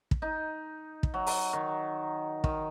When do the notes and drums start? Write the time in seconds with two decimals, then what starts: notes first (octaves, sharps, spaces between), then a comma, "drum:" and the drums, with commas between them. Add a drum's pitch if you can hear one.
0.11 drum: kick
0.22 D#4
1.03 drum: kick
1.14 F#3
1.27 drum: open hi-hat
1.53 D#3
2.44 D#3, drum: kick